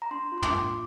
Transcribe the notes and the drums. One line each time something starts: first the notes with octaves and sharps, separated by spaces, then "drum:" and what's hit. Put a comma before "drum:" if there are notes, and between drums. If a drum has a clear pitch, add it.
A#5
D4 C6
F4
C6
D6, drum: tom
A#3